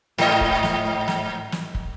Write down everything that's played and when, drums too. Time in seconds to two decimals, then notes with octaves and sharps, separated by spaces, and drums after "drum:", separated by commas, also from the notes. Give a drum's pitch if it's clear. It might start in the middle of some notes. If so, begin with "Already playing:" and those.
0.18 G#2 D#5, drum: snare
0.41 drum: kick
0.63 drum: snare
1.08 drum: snare
1.52 drum: snare
1.75 drum: kick